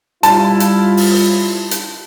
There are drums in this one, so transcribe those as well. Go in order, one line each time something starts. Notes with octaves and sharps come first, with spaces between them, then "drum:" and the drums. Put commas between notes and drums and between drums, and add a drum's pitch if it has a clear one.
G3 E4 F4 A5, drum: hi-hat
drum: hi-hat
drum: open hi-hat
drum: hi-hat